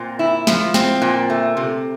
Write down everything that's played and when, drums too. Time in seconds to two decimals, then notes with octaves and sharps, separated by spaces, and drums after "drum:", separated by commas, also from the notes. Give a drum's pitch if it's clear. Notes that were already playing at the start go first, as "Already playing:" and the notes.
Already playing: A#2 C4
0.19 E4
0.47 F3, drum: snare
0.74 C4, drum: snare
1.02 A#2
1.30 A3
1.57 C3